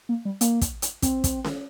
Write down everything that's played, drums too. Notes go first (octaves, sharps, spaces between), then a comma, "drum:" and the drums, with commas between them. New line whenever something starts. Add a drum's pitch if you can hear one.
A#3
G3
A#3, drum: hi-hat
drum: kick, hi-hat
drum: hi-hat
C4, drum: kick, hi-hat
drum: kick, hi-hat
drum: snare C#4